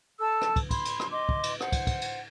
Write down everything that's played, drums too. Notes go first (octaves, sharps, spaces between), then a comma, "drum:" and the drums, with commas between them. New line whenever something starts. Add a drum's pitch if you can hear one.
A4 A5 E6
drum: rim click
drum: kick, cymbal
B5 C6, drum: kick, cymbal
drum: cymbal
drum: rim click
D#5 C6 D6
drum: kick
drum: cymbal
C5 F#5, drum: rim click
drum: kick, cymbal
drum: kick, cymbal
drum: cymbal